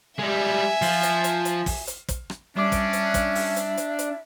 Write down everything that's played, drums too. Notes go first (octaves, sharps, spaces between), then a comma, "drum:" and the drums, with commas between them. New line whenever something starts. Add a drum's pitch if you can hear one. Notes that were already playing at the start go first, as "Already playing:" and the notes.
G3 G#3 E5 G#5
F3, drum: open hi-hat
drum: hi-hat
drum: hi-hat
drum: hi-hat
drum: kick, open hi-hat
drum: hi-hat
drum: kick, hi-hat
drum: rim click
G3 C#4 D4 E5 D6
drum: kick, hi-hat
drum: hi-hat
drum: kick, hi-hat
drum: open hi-hat
drum: hi-hat
drum: hi-hat
drum: hi-hat